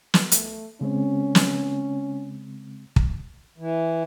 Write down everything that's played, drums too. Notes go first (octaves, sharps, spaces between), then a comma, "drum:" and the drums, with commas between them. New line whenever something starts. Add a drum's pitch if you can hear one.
drum: snare
A3, drum: hi-hat
C#3 G#3 C4 C#4
drum: snare
drum: kick
E3